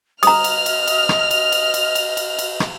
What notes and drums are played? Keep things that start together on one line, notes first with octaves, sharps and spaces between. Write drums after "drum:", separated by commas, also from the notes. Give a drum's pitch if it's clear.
D#5 A#5 D#6 F6, drum: cymbal
drum: cymbal
drum: cymbal
drum: cymbal
drum: rim click
drum: cymbal
drum: cymbal
drum: cymbal
drum: cymbal
drum: cymbal
drum: cymbal
drum: rim click